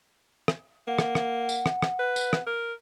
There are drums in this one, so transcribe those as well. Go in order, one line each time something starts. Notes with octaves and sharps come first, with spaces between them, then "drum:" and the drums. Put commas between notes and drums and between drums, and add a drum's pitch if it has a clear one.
drum: rim click
A#3 F#5
drum: rim click
drum: rim click
drum: tambourine
drum: rim click
drum: rim click
B4
drum: tambourine
drum: rim click
A#4